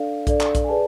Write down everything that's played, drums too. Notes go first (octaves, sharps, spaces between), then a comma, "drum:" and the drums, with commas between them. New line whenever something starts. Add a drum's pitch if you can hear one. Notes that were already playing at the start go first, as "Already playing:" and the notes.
Already playing: D4 A4 D5 F5
D4 A4 D5, drum: kick A#1, hi-hat
drum: clap
drum: kick A#1, hi-hat
G#5
G#4 B4 D5 A5